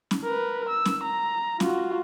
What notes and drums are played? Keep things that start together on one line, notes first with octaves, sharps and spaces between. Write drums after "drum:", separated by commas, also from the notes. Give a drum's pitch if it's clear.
drum: snare
A#4 B4
E6
drum: snare
A#5
F4 F#4, drum: snare